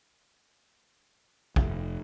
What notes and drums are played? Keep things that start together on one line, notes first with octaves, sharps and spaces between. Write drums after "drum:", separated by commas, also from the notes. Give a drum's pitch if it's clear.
F1, drum: kick